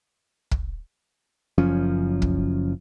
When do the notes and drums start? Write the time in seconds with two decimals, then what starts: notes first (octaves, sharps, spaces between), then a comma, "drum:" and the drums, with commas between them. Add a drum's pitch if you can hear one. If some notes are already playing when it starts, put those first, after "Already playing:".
0.51 drum: kick
1.58 F#1 F#2 F3 C#4
2.22 drum: kick